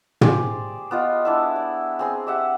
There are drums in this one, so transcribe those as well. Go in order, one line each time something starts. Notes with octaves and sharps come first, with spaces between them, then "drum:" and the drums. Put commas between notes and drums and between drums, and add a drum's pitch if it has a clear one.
G4 G#4 C5 D5, drum: tom
B3 F4 D#5
D4 E4 E5
D5
C4 G#4 C6
G4 E5 F#5